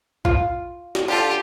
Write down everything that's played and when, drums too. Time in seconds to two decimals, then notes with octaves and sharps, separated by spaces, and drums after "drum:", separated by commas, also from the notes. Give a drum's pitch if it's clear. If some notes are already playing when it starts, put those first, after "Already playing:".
0.25 F4, drum: kick A#1
0.95 drum: snare
1.08 D3 F4 G4 A4